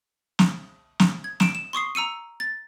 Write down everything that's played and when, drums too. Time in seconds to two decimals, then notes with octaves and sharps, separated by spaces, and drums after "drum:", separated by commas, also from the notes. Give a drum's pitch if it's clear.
0.39 drum: snare
1.00 drum: snare
1.24 G#6
1.40 D7 E7, drum: snare
1.55 E7
1.73 C6 C#6 D#6 C7
1.95 A#5 E6 C#7 D#7
2.40 A6